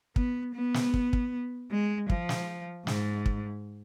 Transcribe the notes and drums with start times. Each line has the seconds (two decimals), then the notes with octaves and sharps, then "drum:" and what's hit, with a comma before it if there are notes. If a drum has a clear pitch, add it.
0.16 B3, drum: kick
0.55 B3
0.74 drum: snare
0.94 drum: kick
1.13 drum: kick
1.71 G#3
2.10 F3, drum: kick
2.29 drum: snare
2.87 G#2, drum: snare
3.26 drum: kick